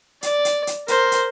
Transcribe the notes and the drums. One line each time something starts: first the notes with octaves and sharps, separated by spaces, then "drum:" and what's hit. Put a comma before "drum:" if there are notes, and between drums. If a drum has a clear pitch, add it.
D5, drum: hi-hat
drum: hi-hat
drum: hi-hat
A#4 C5, drum: hi-hat
drum: hi-hat